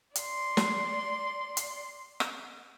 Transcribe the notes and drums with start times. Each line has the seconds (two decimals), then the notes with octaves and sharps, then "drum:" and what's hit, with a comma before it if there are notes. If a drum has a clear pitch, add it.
0.15 D5 C6, drum: hi-hat
0.57 drum: snare
1.57 drum: hi-hat
2.20 drum: rim click